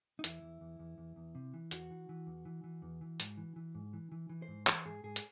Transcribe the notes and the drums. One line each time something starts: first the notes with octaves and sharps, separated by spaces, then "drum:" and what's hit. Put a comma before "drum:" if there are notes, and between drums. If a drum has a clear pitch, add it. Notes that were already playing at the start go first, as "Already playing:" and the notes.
D#4
E2 E4, drum: hi-hat
E2
E2
E2
E2
E2
C3
E3
E2 F#4, drum: hi-hat
E3
E3
E2
E3
E3
E2
E3
G#2, drum: hi-hat
E3
E3
G#2
E3
E3
E3
C5
G#2
E3 C5, drum: clap
G#2 G#4
G#2 G#4
drum: hi-hat